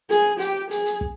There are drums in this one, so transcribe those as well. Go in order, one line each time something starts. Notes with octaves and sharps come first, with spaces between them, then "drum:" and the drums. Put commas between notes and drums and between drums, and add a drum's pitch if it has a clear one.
G#4, drum: hi-hat
G4, drum: hi-hat
G#4, drum: hi-hat
drum: hi-hat
drum: kick